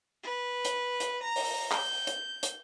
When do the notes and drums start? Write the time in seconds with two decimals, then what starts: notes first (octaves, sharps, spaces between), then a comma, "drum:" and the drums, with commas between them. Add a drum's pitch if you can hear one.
0.22 B4
0.65 drum: hi-hat
1.00 drum: hi-hat
1.23 A#5
1.36 drum: open hi-hat
1.72 G6, drum: clap
2.07 drum: hi-hat
2.43 drum: hi-hat